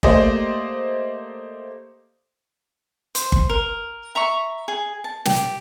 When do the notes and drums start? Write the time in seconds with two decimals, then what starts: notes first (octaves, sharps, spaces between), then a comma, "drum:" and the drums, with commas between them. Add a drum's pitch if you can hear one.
0.03 A3 A#3 G4 C5 D5 D#5, drum: kick G1
3.15 C5, drum: hi-hat
3.32 drum: kick G1
3.49 A#4
4.15 E5 A#5 B5 C#6
4.68 G#4
5.04 A5
5.25 G4, drum: snare